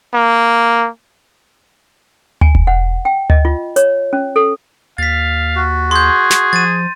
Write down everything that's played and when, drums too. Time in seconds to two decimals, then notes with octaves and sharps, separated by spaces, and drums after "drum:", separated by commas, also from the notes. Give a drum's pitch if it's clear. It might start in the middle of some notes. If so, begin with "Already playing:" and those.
0.14 A#3
2.41 G#5, drum: tom D2
2.55 drum: kick E1
2.67 F#5
3.05 G5
3.30 D#5, drum: tom D2
3.45 F4
3.76 C#5, drum: hi-hat
4.13 C#4
4.36 A4
4.98 D#2 F5 A6 B6
5.56 F#4
5.91 G#4 C6 G6
6.30 drum: snare
6.53 F3 A6 D#7